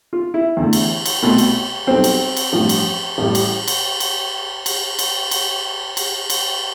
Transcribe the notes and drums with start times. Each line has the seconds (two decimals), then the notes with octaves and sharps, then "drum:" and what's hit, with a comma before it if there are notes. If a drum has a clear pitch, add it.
0.13 F4
0.34 E4
0.57 E2 D3 A3
0.73 drum: cymbal
1.06 drum: cymbal
1.22 C2 B2 A3
1.38 drum: cymbal
1.87 B1 B2 G3 C4
2.04 drum: cymbal
2.37 drum: cymbal
2.53 A1 G2 F3 A3
2.69 drum: cymbal
3.18 A1 A2 G3
3.35 drum: cymbal
3.68 drum: cymbal
4.00 drum: cymbal
4.66 drum: cymbal
4.99 drum: cymbal
5.31 drum: cymbal
5.97 drum: cymbal
6.30 drum: cymbal